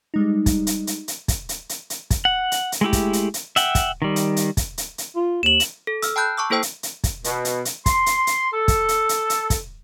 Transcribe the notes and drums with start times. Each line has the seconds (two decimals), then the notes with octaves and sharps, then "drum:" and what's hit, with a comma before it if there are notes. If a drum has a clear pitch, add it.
0.14 G3 G#3 D#4
0.46 drum: kick, hi-hat
0.67 drum: hi-hat
0.87 drum: hi-hat
1.08 drum: hi-hat
1.28 drum: kick, hi-hat
1.49 drum: hi-hat
1.69 drum: hi-hat
1.90 drum: hi-hat
2.10 drum: kick, hi-hat
2.25 F#5
2.52 drum: hi-hat
2.72 drum: hi-hat
2.81 G#3 A3 E4 G4
2.93 drum: kick, hi-hat
3.13 drum: hi-hat
3.34 drum: hi-hat
3.56 E5 F#5 G5, drum: hi-hat
3.75 drum: kick, hi-hat
4.02 D#3 G3
4.16 drum: hi-hat
4.36 drum: hi-hat
4.57 drum: kick, hi-hat
4.78 drum: hi-hat
4.98 drum: hi-hat
5.15 F4
5.43 D#2 E7 F#7
5.60 drum: hi-hat
5.87 A4
6.02 E6 F6, drum: hi-hat
6.16 G5 A5 B5 F#6 G6
6.38 A5 C#6 D6 E6
6.50 A#3 E4 A4 C5 G5 E6
6.63 drum: hi-hat
6.83 drum: hi-hat
7.04 drum: kick, hi-hat
7.24 B2, drum: hi-hat
7.45 drum: hi-hat
7.65 drum: hi-hat
7.86 C6, drum: kick, hi-hat
8.06 drum: hi-hat
8.27 drum: hi-hat
8.53 A4
8.68 drum: kick, hi-hat
8.89 drum: hi-hat
9.09 drum: hi-hat
9.30 drum: hi-hat
9.50 drum: kick, hi-hat